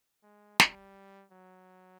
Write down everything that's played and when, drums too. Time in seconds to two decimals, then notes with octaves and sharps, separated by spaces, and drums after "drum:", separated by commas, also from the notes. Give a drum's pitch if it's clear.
0.23 G#3
0.60 G3, drum: snare
1.32 F#3